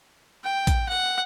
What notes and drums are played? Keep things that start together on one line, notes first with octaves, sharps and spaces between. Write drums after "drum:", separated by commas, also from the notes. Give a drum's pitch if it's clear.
G5
drum: kick, hi-hat
F#5